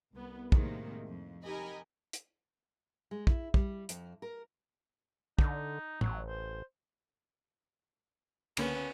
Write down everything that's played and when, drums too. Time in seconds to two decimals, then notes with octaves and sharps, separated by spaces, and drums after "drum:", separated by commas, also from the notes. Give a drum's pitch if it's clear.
0.13 C2 B3
0.52 A2 C3 D#3 G#3 A#3, drum: kick
1.05 F2
1.43 D#4 G4 A#4 D#5 G#5 B5
2.13 drum: hi-hat
3.11 G#3
3.27 E4, drum: kick
3.54 G3, drum: kick
3.89 F2, drum: hi-hat
4.22 A#4
5.39 D3 D#4, drum: kick
6.01 A1 F#3, drum: tom
6.26 C5
8.57 C#2 D3 A#3 B3 C#4, drum: cymbal